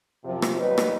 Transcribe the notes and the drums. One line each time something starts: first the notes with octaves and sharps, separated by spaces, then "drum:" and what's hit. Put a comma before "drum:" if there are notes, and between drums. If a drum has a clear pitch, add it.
F#2 C3 F3
drum: rim click
D#2 F#3 G3 D#4 B4
drum: rim click